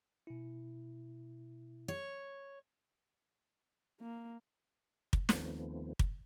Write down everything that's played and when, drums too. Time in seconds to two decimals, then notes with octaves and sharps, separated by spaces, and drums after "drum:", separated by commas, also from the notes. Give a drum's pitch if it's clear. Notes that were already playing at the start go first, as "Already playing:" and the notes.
0.27 B2 E4
1.88 C#5
4.01 A#3
5.13 drum: kick
5.29 D#2 D#3 F3 A3 B3 C4, drum: snare
5.99 drum: kick